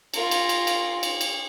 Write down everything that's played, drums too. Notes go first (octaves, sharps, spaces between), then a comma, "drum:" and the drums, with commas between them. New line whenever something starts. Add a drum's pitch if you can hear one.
F4 A#4, drum: cymbal
drum: cymbal
drum: cymbal
drum: cymbal
drum: cymbal
drum: cymbal